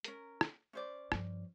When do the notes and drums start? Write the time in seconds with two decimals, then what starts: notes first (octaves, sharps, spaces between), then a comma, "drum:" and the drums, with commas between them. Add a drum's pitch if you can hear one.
0.04 C#4 A#4, drum: hi-hat
0.41 drum: rim click
0.73 C#4 C5 D5
1.12 G2 F3, drum: rim click